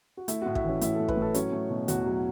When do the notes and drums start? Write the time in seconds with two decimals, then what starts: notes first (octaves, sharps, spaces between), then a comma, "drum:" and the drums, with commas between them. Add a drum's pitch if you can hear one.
0.17 F#4
0.28 A3 E4, drum: hi-hat
0.42 A2 F#4
0.55 E4, drum: kick
0.64 E3 C#4
0.81 A2 E4, drum: hi-hat
0.95 A4
1.00 A3
1.08 B4, drum: kick
1.17 A2 A4
1.34 F#3 C#4, drum: hi-hat
1.52 A3
1.70 B2
1.88 E2 F#4, drum: hi-hat
2.06 F#3